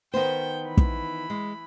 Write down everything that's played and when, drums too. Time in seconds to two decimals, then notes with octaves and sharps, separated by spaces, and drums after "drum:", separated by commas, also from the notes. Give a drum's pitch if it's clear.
0.14 D#3 B3 C5 G5
0.66 E3 B5
0.77 drum: kick
1.30 G#3